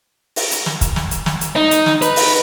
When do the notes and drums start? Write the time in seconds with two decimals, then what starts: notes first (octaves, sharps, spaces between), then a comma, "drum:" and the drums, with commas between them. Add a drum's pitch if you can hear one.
0.36 drum: open hi-hat
0.51 drum: hi-hat
0.66 drum: snare
0.81 drum: kick, hi-hat
0.96 drum: snare
1.11 drum: hi-hat
1.26 drum: snare
1.41 drum: hi-hat
1.56 D#4
1.71 drum: hi-hat
1.86 drum: snare
2.02 B4, drum: hi-hat
2.16 drum: open hi-hat